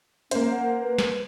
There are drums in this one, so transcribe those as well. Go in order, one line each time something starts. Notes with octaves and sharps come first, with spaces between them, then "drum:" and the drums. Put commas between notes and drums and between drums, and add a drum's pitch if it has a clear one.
A#3 C#4 C5, drum: hi-hat
F#5
B4
drum: snare